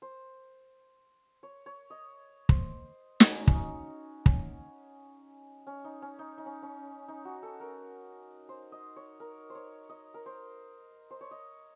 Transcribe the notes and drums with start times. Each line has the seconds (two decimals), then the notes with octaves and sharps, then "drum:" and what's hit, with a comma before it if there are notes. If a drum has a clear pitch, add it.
0.02 C5
1.43 C#5
1.66 C#5
1.90 D#5
2.49 C5, drum: kick
3.20 F#4, drum: snare
3.31 C#4
3.38 D#4
3.47 C#4, drum: kick
3.54 D#4
4.26 C#4, drum: kick
5.67 C#4
5.84 D#4
6.02 C#4
6.19 D#4
6.38 D#4
6.46 C#4
6.63 C#4
7.08 D#4
7.25 F#4
7.43 A4
7.60 A#4
8.49 C5
8.72 D#5
8.96 C#5
9.20 A#4
9.50 C5
9.55 C#5
9.89 D#5
10.14 A#4
10.26 C5
11.11 C5
11.21 C#5
11.31 D#5